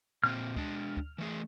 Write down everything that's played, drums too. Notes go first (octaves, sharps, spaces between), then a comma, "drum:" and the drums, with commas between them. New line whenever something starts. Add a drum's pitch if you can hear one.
A#2 C4 F6
G#3 D4, drum: kick D2
drum: kick D2
E3 A3 G#4